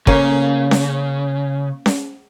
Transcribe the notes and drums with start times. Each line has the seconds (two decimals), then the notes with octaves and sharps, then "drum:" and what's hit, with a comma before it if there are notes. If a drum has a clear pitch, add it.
0.07 C#3 A#3 C#4, drum: kick
0.71 drum: snare C#4
1.86 drum: snare C#4